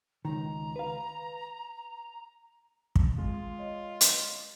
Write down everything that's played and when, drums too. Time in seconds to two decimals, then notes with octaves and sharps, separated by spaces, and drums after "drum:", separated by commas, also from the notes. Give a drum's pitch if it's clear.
0.25 C#2 D#3 A#5
0.76 B4 F5
2.96 drum: kick
3.18 G#3 F4
3.58 C#5 D#5
4.01 drum: hi-hat